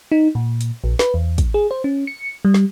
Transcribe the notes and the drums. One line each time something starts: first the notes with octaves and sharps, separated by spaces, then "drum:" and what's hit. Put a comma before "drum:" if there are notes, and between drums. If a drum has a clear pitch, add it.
D#4
A#2
drum: hi-hat
A#1
B4, drum: snare
E2
drum: kick, hi-hat
G#4
C5
C#4
C#7
G3
drum: snare